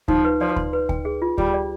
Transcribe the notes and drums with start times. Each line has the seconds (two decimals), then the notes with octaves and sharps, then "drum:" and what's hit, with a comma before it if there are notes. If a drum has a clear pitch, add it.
0.08 F3 D#4, drum: kick D2
0.25 B4
0.41 F3 D5
0.56 C6, drum: kick D2
0.73 B4
0.89 G5, drum: kick D2
1.05 G#4
1.22 F4
1.38 G3 F4, drum: kick D2
1.54 D5